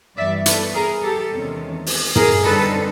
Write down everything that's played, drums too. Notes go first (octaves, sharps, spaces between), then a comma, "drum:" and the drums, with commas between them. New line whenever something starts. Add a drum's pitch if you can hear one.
G2 E3 G3 B3 D5 E5
A4 B4, drum: hi-hat
G#4 A#4
G4 A4
E2 C3 D#3 G#3 C#4
drum: open hi-hat
G#4 A#4, drum: tom
D3 G3 C4 D#4 A4 B4